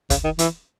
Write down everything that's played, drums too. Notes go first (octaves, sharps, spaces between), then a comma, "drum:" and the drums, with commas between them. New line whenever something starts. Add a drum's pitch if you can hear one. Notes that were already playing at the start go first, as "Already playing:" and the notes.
C#3, drum: kick, hi-hat
D#3
E3, drum: hi-hat